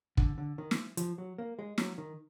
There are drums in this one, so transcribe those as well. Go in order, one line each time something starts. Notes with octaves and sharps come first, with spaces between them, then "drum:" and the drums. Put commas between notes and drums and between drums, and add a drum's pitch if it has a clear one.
D3, drum: kick
D3
D#3
drum: snare
F3, drum: hi-hat
F#3
A#3
G#3
F#3, drum: snare
D#3